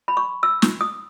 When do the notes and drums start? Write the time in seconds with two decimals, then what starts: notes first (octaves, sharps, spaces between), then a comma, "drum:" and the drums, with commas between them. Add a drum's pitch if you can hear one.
0.08 B5
0.17 C#6
0.43 E6
0.62 drum: snare
0.81 D#6